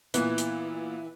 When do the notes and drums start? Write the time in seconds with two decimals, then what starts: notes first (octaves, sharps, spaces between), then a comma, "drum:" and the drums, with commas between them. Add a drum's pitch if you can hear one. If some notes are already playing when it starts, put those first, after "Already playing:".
0.14 A#2 E3 B3, drum: hi-hat
0.38 drum: hi-hat